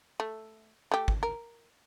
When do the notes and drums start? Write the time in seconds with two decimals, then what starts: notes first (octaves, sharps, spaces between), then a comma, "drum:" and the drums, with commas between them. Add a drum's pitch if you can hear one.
0.20 A3
0.92 A3 G4
1.08 drum: kick
1.23 A#4